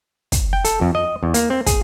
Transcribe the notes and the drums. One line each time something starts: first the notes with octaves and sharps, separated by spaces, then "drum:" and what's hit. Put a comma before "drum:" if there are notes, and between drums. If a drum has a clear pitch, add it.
drum: kick, hi-hat
G5
A4, drum: hi-hat
F2
D#5
E2
A#3, drum: hi-hat
C4
G#4, drum: kick, hi-hat